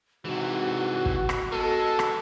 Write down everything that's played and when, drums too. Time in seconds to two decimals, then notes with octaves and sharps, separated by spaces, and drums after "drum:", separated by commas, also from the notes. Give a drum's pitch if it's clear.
0.25 G#2 C3 E3 F#4
1.06 drum: kick
1.29 drum: rim click
1.52 B2 G#3 A4
1.99 drum: rim click